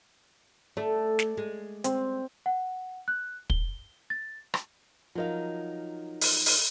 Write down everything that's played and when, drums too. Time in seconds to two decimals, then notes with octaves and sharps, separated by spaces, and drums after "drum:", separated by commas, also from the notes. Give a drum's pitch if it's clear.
0.77 A3 D5
1.19 drum: snare
1.37 G#3
1.84 C4, drum: hi-hat
2.46 F#5
3.08 F#6
3.50 G7, drum: kick
4.10 A6
4.54 drum: rim click
5.15 F3 F#3 D#4 A#4 F5
6.21 drum: open hi-hat
6.46 drum: open hi-hat